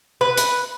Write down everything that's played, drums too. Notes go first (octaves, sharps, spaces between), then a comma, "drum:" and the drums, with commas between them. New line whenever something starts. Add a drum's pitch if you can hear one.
B4
drum: hi-hat